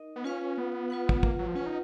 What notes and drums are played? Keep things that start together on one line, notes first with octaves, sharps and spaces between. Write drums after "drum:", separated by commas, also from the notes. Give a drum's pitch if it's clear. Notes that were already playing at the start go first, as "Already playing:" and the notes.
Already playing: D#4 A#4 D#5
B3
C#4 F4 B4 F5
B3
F4 B4 F#5
drum: kick
A#3, drum: kick
F#3
F3
C#4 F4 B4 F#5
D#4